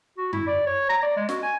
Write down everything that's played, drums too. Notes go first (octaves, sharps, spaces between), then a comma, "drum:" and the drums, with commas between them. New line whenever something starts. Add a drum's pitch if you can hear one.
F#4
E4, drum: tom F#2
D5
C#5
A#5
D5
G#3
F#4, drum: snare
G#5